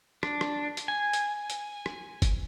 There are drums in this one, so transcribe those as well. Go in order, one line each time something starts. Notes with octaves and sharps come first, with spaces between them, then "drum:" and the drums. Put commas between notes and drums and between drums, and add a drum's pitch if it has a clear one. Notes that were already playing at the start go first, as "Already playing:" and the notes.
D4, drum: rim click
drum: rim click
drum: hi-hat
G#5
drum: hi-hat
drum: hi-hat
drum: rim click
drum: kick, hi-hat